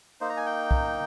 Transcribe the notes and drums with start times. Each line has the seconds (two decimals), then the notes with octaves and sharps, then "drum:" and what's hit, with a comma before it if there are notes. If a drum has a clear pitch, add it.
0.21 A#3 D#4 C5
0.30 A#5
0.37 G#5
0.46 G5
0.71 drum: kick B1